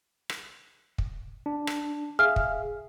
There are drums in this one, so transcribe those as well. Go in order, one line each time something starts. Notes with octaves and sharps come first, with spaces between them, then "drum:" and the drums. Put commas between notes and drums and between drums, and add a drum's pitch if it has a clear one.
drum: rim click
drum: kick
D4
drum: rim click
G#4 E5 F5 F6
drum: kick